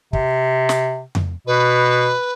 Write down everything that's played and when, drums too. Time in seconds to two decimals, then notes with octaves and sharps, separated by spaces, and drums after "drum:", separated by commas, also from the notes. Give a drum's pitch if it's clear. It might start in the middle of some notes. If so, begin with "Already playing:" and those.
0.13 C3, drum: kick
0.69 drum: snare
1.15 drum: tom F2
1.47 B2 B4